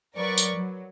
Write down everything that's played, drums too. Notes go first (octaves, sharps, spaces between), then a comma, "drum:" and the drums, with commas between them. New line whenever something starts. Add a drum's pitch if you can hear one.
F#3 A#4 B4 D5 C#6
drum: tambourine
F#3